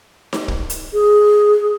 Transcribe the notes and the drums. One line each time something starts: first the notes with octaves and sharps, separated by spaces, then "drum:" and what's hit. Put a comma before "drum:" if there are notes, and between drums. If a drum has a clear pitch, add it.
drum: snare D#4
drum: kick
drum: hi-hat
G#4